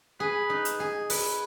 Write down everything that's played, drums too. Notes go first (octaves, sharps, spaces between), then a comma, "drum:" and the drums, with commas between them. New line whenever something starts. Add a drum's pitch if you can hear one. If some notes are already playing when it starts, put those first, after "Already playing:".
G#4 B4
D#4
drum: hi-hat
G#4
B4, drum: open hi-hat